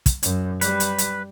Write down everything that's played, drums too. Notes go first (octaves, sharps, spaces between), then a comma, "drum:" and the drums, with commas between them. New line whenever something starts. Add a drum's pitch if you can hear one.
drum: kick, hi-hat
F#2, drum: hi-hat
G3 B4, drum: hi-hat
drum: hi-hat
drum: hi-hat